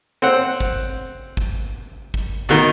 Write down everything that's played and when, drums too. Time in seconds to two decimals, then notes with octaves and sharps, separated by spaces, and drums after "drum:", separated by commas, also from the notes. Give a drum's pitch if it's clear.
0.22 C4 F#5
0.60 drum: kick
1.37 drum: kick
2.14 drum: kick
2.49 B2 D#3